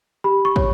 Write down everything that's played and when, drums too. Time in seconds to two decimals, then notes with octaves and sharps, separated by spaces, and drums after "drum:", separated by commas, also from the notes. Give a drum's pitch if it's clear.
0.24 G4 B5
0.45 C#6
0.56 C#5, drum: kick